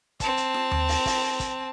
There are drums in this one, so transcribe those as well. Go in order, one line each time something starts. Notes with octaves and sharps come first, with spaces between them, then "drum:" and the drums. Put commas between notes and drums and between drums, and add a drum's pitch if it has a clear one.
C4 A5, drum: kick, hi-hat
drum: hi-hat
drum: snare F4
drum: tom D#2
drum: open hi-hat
drum: kick, open hi-hat
drum: kick, hi-hat